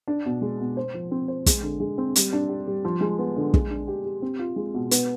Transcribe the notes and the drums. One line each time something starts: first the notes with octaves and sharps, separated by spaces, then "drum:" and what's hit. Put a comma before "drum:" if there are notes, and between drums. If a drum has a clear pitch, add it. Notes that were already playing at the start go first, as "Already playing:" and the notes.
D4
B2
G#3
B2
C5
F3
C4
C5
G#3, drum: kick, hi-hat
D3
G#3
C4
G3, drum: hi-hat
D4
G4
G3
F3
G#3
B3
D3
G#3, drum: kick
D4
G4
G4
C4
F4
G#3
B2
B3, drum: hi-hat